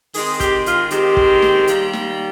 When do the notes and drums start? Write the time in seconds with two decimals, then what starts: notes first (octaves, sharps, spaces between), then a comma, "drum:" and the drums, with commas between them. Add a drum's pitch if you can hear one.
0.14 D#3 G#3 C4 G#4, drum: open hi-hat
0.40 G4, drum: kick, hi-hat
0.66 F4, drum: hi-hat
0.91 D#3 G#3 C4 G4, drum: hi-hat
1.17 drum: kick
1.42 drum: snare
1.67 D#3 G3 A#3, drum: hi-hat
1.93 drum: snare